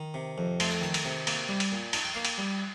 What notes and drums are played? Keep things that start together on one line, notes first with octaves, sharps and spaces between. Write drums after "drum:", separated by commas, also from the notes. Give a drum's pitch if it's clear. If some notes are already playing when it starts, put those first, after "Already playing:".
Already playing: D#3
C3
F2
A3 C6, drum: cymbal
A#5
D#3 A5
A#5, drum: cymbal
C3
A#3, drum: cymbal
G3
drum: cymbal
A#2
D#4 A5, drum: cymbal
G5
A#3 F5
G5, drum: cymbal
G3